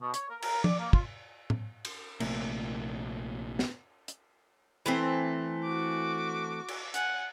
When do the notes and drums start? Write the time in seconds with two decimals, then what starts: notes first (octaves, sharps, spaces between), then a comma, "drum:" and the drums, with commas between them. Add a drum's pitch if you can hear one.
0.02 B2
0.14 C#5, drum: hi-hat
0.30 A#4
0.42 A#4, drum: cymbal
0.64 D5, drum: tom F3
0.80 A#3
0.93 F4, drum: kick
1.50 drum: tom A2
1.85 drum: cymbal
2.20 A#1 C3 A3 A#3, drum: cymbal
3.59 drum: snare
4.08 drum: hi-hat
4.86 E3 A3 C4
5.63 F#4 D6
6.68 drum: cymbal
6.94 F#5 G#5, drum: hi-hat